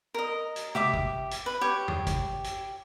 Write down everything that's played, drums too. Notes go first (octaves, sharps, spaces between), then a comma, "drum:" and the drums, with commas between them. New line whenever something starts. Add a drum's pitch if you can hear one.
A#4 D#5
drum: hi-hat
G4 E5 D6, drum: tom
drum: kick
drum: hi-hat
B4
G4 C#5
drum: tom
drum: kick, hi-hat
drum: hi-hat